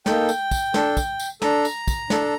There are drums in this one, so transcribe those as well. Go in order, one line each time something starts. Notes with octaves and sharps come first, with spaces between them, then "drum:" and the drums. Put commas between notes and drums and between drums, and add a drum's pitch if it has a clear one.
A#3 D#4 A4 G5, drum: snare
drum: tambourine
drum: kick, tambourine
D4 A4, drum: snare
drum: kick, tambourine
drum: tambourine
D4 A4 A#5, drum: snare
drum: tambourine
drum: kick, tambourine
D4 A4, drum: snare